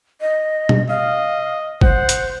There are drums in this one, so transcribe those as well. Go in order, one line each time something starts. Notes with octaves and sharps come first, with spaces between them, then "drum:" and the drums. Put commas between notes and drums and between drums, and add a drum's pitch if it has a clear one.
D#5
drum: tom B2
D#5 F5
C5 F#5, drum: kick G1
drum: hi-hat